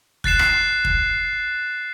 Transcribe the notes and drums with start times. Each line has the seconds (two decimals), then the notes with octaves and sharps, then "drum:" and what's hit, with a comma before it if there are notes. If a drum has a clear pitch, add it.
0.24 F#6 A6 C7 E7, drum: kick
0.39 drum: rim click
0.85 drum: kick